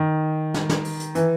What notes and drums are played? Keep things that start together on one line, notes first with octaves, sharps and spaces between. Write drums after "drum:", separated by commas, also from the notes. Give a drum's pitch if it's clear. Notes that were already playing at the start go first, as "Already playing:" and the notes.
Already playing: D#3
drum: snare
drum: snare
drum: open hi-hat
drum: hi-hat
E3, drum: hi-hat